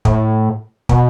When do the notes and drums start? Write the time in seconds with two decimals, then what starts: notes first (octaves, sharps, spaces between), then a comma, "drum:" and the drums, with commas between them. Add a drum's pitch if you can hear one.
0.05 A2, drum: kick
0.89 B2, drum: kick